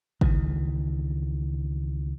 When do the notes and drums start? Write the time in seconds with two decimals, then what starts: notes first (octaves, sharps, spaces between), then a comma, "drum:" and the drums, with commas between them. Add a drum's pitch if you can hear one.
0.21 C#2 D#3 E3, drum: kick